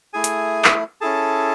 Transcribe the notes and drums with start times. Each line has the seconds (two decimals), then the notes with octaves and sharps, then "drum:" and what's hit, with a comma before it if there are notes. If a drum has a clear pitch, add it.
0.13 A3 E4 G#4 G#5
0.24 drum: hi-hat
0.64 drum: clap
1.01 C#4 E4 G#4 A4 A5